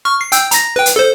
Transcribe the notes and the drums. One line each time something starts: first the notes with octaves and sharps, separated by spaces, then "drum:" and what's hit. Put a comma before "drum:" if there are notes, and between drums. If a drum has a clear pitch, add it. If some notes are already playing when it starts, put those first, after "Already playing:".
C#6 F6
C7
G5 E6 G6, drum: hi-hat
A#5 A#6, drum: hi-hat
B4 G5
drum: hi-hat
A4 C5